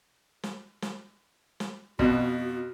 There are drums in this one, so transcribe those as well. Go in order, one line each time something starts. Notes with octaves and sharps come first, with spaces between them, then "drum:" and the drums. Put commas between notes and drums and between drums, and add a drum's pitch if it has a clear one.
drum: snare
drum: snare
drum: snare
F2 B2 F#4, drum: kick